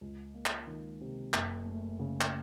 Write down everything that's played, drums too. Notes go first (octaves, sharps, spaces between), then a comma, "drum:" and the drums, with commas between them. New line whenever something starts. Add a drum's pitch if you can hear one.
C#2
A#3
drum: clap
D#3
C3
F#1, drum: clap
A3
C#3
drum: clap